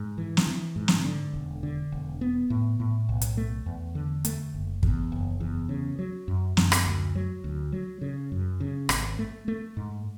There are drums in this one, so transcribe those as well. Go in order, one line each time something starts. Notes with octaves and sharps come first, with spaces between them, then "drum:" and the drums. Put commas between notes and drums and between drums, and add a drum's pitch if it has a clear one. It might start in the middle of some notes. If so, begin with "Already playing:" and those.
Already playing: G#2
E3
drum: snare
E3
G#2
drum: snare
D3
E1
D3
E1
B3
A2
A2
B1
drum: hi-hat
A3
E2
D3
A3, drum: hi-hat
F#1
E2, drum: kick
F#1
E2
C#3
F#3
F#2
F#2, drum: snare
drum: rim click
D2
F#3
D2
F#3
C#3
F#2
C#3
G#1, drum: rim click
A3
A3
G#2